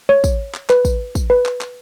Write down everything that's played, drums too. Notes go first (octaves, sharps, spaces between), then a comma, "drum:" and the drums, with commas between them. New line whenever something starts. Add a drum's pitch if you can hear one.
C#5
drum: kick, tambourine
drum: clap
B4, drum: clap
drum: kick, tambourine
drum: kick, tambourine
B4
drum: clap
drum: clap